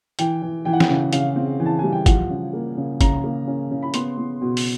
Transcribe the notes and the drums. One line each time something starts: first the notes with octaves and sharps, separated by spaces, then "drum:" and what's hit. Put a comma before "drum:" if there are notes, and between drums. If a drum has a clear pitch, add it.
E3 G5, drum: hi-hat
E3
E3 G5
F#5
G5, drum: snare
C#3
C#3 F5, drum: hi-hat
C4
E3
A5
G3 G#5
G5
F3 F#5, drum: kick, hi-hat
C#3
A#3
C#3
C#3 A#5, drum: kick, hi-hat
A#3
C#4
C#3
B5
B3 C6, drum: hi-hat
B3
B2
drum: open hi-hat